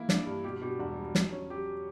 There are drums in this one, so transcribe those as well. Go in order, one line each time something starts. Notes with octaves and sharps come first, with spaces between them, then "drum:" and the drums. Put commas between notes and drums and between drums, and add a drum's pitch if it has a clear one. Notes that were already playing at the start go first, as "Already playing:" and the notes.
Already playing: E3 A#3 E4
D4, drum: snare
G2
B2 G4
B2 G4
E1 F#4
G3
F#3, drum: snare
C#4
F#3 G4